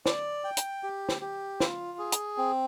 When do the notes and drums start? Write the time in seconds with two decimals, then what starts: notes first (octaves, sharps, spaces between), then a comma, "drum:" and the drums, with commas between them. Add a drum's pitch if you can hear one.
0.06 D5, drum: snare
0.44 G5
0.57 drum: hi-hat
0.83 G4
1.09 drum: snare
1.21 G4
1.60 F4, drum: snare
1.99 G#4
2.12 drum: hi-hat
2.38 C4